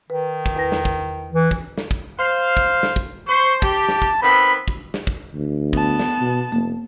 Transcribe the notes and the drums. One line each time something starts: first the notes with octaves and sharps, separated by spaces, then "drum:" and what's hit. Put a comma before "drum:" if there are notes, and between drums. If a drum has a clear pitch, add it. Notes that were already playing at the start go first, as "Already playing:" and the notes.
D#3 B4
drum: kick
E2 B4 A#6
drum: snare
drum: kick
E3
drum: kick
drum: snare
drum: kick
C5 F5
drum: kick
drum: snare
drum: kick
C5 C#6
G4 A5, drum: kick
drum: snare
drum: kick
D#3 B3 C4 B5
drum: kick
drum: snare
drum: kick
D2
B3 A5, drum: kick
drum: snare
B2
F1 A#3